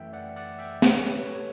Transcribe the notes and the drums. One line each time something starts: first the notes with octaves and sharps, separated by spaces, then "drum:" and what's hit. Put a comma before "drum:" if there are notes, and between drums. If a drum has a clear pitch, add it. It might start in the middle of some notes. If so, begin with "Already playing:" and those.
Already playing: F#2 E3 A3 E5 G5
D5 F#5
D5 F#5
E5 G5
B2 A3 B4, drum: snare
C#5
G4 B4
A4 C#5